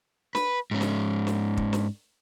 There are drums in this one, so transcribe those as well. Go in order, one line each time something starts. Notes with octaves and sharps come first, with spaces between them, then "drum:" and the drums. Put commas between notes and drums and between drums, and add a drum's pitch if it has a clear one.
B4, drum: snare
G#2 C#4
drum: snare
drum: snare
drum: kick
drum: snare